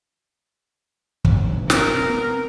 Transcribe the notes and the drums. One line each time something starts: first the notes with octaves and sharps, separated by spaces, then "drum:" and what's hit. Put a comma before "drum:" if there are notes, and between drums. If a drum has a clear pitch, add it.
F1 B1 G2, drum: kick
C3 B3 A#4, drum: snare
B3 C4